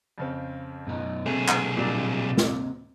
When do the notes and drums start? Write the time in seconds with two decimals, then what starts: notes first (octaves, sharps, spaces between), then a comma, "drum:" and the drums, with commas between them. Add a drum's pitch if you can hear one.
0.18 F2 C#3 C4
0.87 F#2 B2 D#4
1.26 B1 C3 A3 A#3 C4 G#4
1.48 drum: clap
1.77 A#2 G3 D4
2.37 drum: snare